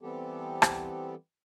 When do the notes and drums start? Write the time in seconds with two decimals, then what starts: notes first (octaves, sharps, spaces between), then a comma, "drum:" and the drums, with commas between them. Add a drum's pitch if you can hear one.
0.01 E3 G3 B3 C4 G4 A4
0.62 drum: rim click